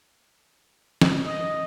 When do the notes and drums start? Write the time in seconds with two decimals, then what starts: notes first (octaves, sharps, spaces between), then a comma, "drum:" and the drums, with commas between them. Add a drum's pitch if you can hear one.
1.02 drum: snare
1.25 D#5